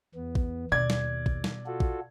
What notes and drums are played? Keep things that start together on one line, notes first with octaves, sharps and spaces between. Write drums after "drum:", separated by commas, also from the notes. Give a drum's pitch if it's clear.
E2 B3
drum: kick A#1
D#2 B2 D5 G#6
drum: snare
drum: kick A#1
drum: snare
F4 F#4 A4
drum: kick A#1